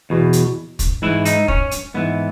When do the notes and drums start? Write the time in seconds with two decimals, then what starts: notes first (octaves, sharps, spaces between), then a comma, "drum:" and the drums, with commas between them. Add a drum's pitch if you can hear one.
0.10 E2 B2
0.33 drum: hi-hat
0.79 drum: kick, hi-hat
1.02 G#2 E3 E4
1.25 D#4, drum: hi-hat
1.48 C#4, drum: kick
1.71 drum: hi-hat
1.94 G#2 E3 B3